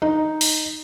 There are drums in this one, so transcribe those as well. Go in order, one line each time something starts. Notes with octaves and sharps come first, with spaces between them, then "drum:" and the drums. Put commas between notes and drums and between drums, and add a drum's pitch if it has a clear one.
D#4
drum: open hi-hat